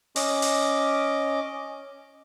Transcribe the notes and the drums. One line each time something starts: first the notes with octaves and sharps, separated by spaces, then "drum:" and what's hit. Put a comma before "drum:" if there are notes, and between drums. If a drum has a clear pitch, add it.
C#4 D#5 D6, drum: open hi-hat
drum: open hi-hat